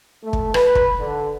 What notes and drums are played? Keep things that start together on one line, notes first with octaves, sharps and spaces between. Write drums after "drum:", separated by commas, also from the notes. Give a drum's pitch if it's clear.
A3
drum: kick
B4, drum: rim click
drum: kick
D3